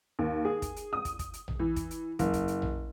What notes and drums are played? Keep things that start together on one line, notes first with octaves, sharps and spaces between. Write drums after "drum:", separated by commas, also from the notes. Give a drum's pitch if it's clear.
D#2
G#4
drum: kick, hi-hat
drum: hi-hat
D#6
drum: kick, hi-hat
drum: kick, hi-hat
drum: hi-hat
drum: tom A#1
E3
drum: kick, hi-hat
drum: hi-hat
F#1, drum: kick, hi-hat
drum: kick, hi-hat
drum: hi-hat
drum: tom A#1